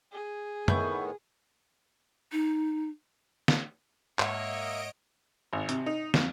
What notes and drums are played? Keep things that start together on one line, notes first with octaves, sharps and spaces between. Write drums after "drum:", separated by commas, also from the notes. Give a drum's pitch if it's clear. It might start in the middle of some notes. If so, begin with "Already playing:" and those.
G#4
A2 D#3 B3 E4 C#6 G6, drum: tom
D#4
drum: snare
G#2 A#3 C#5 D#5 E5 F#5 D7, drum: clap
G#1
C3, drum: hi-hat
D#4
F2, drum: snare